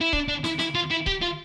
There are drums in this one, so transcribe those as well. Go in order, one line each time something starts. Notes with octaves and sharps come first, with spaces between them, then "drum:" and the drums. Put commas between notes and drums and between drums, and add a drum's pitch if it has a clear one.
E4
D4, drum: kick C#1
D4
E4, drum: snare
E4, drum: snare
F4
E4
G4, drum: kick C#1
F4